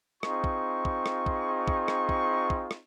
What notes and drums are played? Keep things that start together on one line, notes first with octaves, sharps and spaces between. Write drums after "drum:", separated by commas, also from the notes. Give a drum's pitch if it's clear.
C4 D#4 F4 G#4 C#6, drum: rim click
drum: kick
drum: kick
drum: rim click
drum: kick
drum: kick
drum: rim click
drum: kick
drum: kick
drum: rim click